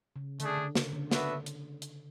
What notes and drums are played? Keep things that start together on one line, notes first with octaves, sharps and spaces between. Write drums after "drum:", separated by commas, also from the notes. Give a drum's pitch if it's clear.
C#3
D3 A3 D4 G#4, drum: hi-hat
D3
C#3, drum: snare
D3
B3 D4 F#4 B4 E5, drum: snare
drum: hi-hat
drum: hi-hat